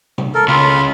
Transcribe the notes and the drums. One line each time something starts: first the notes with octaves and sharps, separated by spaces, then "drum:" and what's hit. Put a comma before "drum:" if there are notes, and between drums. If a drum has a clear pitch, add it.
drum: tom C3
A4 A#4
C#2 F4 B5